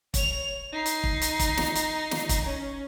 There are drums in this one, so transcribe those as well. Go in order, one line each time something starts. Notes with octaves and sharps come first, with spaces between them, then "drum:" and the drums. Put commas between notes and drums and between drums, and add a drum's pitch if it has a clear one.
C#5 F7, drum: kick, hi-hat
D#4 C7
drum: hi-hat
drum: kick
drum: hi-hat
drum: kick, hi-hat
drum: snare
drum: hi-hat
drum: snare
drum: kick, hi-hat
C#4